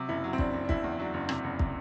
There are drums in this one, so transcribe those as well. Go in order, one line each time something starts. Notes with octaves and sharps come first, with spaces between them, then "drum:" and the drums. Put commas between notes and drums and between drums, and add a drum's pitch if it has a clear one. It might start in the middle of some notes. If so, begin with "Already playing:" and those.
Already playing: C3 F#3
F#1 E4
F#3
C4
F#1 D4, drum: kick
F#1
D4
F#1 E4, drum: kick
E2
F#3 D4
F#1
C3, drum: rim click
F#1
C3, drum: kick